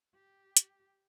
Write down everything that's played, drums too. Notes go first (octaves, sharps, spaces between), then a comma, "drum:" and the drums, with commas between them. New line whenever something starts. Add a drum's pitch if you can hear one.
G4
drum: hi-hat